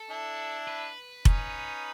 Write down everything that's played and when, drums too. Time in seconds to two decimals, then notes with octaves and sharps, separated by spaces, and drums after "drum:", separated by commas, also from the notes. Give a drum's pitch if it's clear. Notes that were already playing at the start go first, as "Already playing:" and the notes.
Already playing: A4
0.10 D4 E4
0.68 B4
1.25 C#4 D#4, drum: kick F1